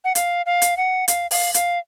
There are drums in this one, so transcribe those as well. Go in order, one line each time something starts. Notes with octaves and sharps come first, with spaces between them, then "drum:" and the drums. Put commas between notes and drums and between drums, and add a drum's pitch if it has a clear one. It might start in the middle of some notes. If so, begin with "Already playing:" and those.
F#5
F5, drum: hi-hat
F5
drum: hi-hat
F#5
F5, drum: hi-hat
F5, drum: open hi-hat
F5, drum: hi-hat